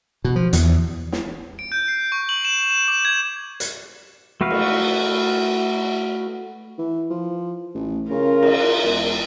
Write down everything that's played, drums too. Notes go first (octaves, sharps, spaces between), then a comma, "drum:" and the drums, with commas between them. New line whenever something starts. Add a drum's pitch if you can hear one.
B2
F3
E2, drum: hi-hat
drum: snare
D7
G6
C7
C#6
F#7
E7
E7
D6
G#6
drum: hi-hat
A3 F#4 B4 F5
drum: cymbal
E3
F3
A1
C#3 F4 A#4
drum: cymbal
E1